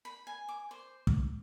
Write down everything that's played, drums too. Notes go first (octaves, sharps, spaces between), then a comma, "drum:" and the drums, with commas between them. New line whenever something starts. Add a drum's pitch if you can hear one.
B5
G#5
D6
C5
drum: kick